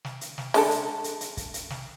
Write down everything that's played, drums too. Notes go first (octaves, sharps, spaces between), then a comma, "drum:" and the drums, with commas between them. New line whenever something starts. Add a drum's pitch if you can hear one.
drum: snare
drum: hi-hat
drum: snare
G#3 D4 A4, drum: open hi-hat
drum: hi-hat
drum: hi-hat
drum: hi-hat
drum: kick, hi-hat
drum: hi-hat
drum: snare